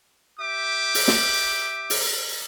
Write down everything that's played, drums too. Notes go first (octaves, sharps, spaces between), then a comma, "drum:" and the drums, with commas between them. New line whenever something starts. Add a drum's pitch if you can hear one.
G4 E5 D6
drum: open hi-hat
drum: snare
drum: open hi-hat